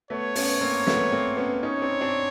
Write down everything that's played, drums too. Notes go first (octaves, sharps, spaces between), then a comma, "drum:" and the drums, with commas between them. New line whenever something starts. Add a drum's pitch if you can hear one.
A3 B3 C#5
B3 C#4, drum: open hi-hat
A#3 C4
A3 B3, drum: snare
A#3 C4
B3 C#4
C#4 D#4 C#5
C4 D4
C4 D4